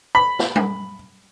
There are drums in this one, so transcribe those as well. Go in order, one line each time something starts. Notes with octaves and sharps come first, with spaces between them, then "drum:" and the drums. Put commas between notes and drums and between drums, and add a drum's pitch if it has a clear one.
B5
drum: snare
drum: tom G3